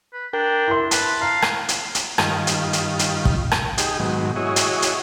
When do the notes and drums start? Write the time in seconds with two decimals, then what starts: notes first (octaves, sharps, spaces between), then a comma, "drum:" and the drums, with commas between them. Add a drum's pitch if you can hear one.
0.13 B4
0.33 D4 A#4 G5
0.68 E4 C6
0.91 B4 A5, drum: hi-hat
1.21 F5 A#5
1.42 drum: rim click
1.69 drum: hi-hat
1.95 drum: hi-hat
2.18 G2 D#3 F4, drum: rim click
2.47 drum: hi-hat
2.73 drum: hi-hat
2.99 drum: hi-hat
3.25 drum: kick
3.51 drum: rim click
3.78 D#4 G4 G#4, drum: hi-hat
3.99 G#2 B2 D#3 F#3
4.36 E4 F#4 G#4 C#5 D#5
4.56 drum: hi-hat
4.82 drum: hi-hat